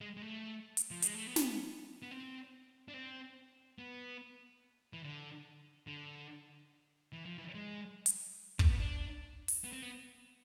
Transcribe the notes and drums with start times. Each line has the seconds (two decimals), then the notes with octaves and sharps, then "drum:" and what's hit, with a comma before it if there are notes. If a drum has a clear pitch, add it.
0.01 G#3
0.17 G#3
0.22 A3
0.77 drum: hi-hat
0.91 F3
1.02 G#3, drum: hi-hat
1.14 A3
1.27 B3
1.36 drum: snare
2.02 B3
2.11 C4
2.88 D4
2.94 C4
3.79 B3
4.93 E3
5.04 D3
5.87 D3
7.13 E3
7.26 F3
7.38 E3
7.55 G#3
8.06 drum: hi-hat
8.59 A3, drum: kick
8.69 B3
8.80 D4
9.48 drum: open hi-hat
9.64 B3
9.72 C4
9.82 B3